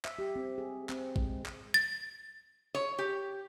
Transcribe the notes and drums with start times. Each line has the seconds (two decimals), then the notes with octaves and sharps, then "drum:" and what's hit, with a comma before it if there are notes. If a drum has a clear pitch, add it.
0.05 E5, drum: clap
0.19 G4
0.36 C4
0.58 G#4
0.89 C4, drum: clap
1.16 G#3, drum: kick
1.46 drum: clap
1.74 A6
2.75 C#5
2.99 G4